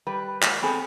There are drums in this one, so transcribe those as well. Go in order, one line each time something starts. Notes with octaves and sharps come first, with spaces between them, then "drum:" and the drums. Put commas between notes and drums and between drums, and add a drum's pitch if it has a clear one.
G3 B4
G#3 A#3 F#4, drum: clap
B3 C4 G#4 A4